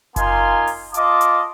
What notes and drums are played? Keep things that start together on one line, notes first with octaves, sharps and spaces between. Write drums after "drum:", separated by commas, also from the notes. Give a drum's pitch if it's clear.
A#3 D#4 F4 G#5 C6, drum: kick F#1, hi-hat
drum: open hi-hat
F4 D#5 A5 D6, drum: hi-hat
drum: hi-hat